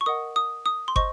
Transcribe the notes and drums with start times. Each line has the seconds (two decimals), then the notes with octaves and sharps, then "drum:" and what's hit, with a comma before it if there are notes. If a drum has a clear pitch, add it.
0.01 C#6
0.06 A#4 D#5 F#5 D#6
0.36 D#6
0.66 D#6
0.88 C6
0.96 C5 D#5 C#6, drum: kick